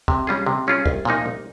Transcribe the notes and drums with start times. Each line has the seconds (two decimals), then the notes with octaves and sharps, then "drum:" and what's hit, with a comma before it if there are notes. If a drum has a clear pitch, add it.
0.08 C3, drum: kick D2
0.27 G3 C#4 F4 G#4
0.46 C3
0.67 G3 C#4 F4 G#4
0.86 C2, drum: kick D2
1.05 A#2 F3 A#3 D#4
1.26 C2